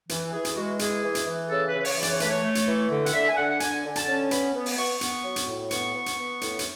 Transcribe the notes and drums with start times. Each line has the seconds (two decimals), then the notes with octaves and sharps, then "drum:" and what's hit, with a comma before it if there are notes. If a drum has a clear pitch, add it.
0.09 E3, drum: hi-hat
0.33 E3 G#4
0.45 drum: hi-hat
0.56 G#3 F#4
0.79 E3 G#4, drum: hi-hat
1.04 E3
1.15 drum: hi-hat
1.27 E3
1.50 C#3 A4
1.67 B4
1.73 C#3
1.80 B4
1.85 C#5, drum: open hi-hat
1.97 E3
2.03 D5, drum: hi-hat
2.12 C#5
2.20 A3 B4, drum: hi-hat
2.31 C#5
2.43 A3
2.55 drum: hi-hat
2.67 E3
2.90 D3
3.06 F#5, drum: hi-hat
3.14 D3 E5
3.29 G#5
3.37 D3 F#5
3.49 F#5
3.60 D3 G#5, drum: hi-hat
3.84 D3
3.96 A5, drum: hi-hat
4.07 C#4
4.31 B3 B5, drum: hi-hat
4.54 B3
4.66 drum: open hi-hat
4.77 B3 C#6
5.01 B3, drum: hi-hat
5.24 F#3
5.36 drum: hi-hat
5.47 A2
5.71 B3 C#6, drum: hi-hat
5.94 B3
6.06 drum: hi-hat
6.18 B3
6.41 A2, drum: hi-hat
6.59 drum: hi-hat